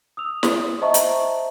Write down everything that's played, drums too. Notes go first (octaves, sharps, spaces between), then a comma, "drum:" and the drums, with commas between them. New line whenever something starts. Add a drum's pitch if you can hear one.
D#6 E6 F7
drum: snare
C5 D#5 E5 A5 A#5 C#6
drum: hi-hat